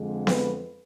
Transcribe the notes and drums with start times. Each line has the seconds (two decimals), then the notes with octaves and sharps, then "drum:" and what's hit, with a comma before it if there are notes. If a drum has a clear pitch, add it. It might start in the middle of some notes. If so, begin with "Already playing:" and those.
Already playing: F2 D3 G#3
0.27 B4, drum: snare B3